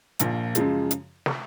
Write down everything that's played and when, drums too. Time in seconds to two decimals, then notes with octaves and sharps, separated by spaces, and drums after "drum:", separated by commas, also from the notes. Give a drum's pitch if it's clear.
0.19 A#1 A#2 F3 A#3, drum: hi-hat
0.55 F#2 C#3 F3 G#3, drum: hi-hat
0.91 drum: hi-hat
1.26 drum: snare